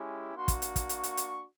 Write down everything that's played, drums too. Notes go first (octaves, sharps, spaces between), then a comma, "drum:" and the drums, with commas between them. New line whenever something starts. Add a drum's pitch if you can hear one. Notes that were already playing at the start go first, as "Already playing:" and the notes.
Already playing: G#3 C#4 E4 G4
A#3 D4 F#4 C6
drum: kick, hi-hat
drum: hi-hat
drum: kick, hi-hat
C#6, drum: hi-hat
drum: hi-hat
drum: hi-hat